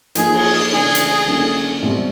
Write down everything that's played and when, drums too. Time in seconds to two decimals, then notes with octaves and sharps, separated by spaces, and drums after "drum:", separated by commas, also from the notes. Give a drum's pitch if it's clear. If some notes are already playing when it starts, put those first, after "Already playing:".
0.15 F3 A#3 D#4 G#4, drum: hi-hat
0.34 drum: cymbal
0.72 C#3 E3 A3 D4 G#4
0.95 drum: hi-hat
1.26 D3 F#3 A#3 C#4 E4
1.82 B2 G3 C4 E4